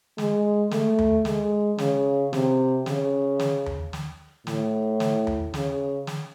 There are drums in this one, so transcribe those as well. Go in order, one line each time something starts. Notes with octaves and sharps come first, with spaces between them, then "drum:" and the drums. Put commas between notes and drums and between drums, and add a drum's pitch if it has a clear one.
G#3, drum: snare
A3, drum: snare
drum: tom D#2
G#3, drum: snare
C#3, drum: snare
C3, drum: snare
C#3, drum: snare
drum: snare
drum: tom D#2
drum: snare
A2, drum: snare
drum: snare
drum: tom D#2
C#3, drum: snare
drum: snare